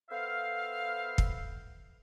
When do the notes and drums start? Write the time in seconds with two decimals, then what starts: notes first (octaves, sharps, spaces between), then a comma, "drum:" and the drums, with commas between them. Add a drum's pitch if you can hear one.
0.10 B3 A4 C5 E5 F5
1.18 drum: kick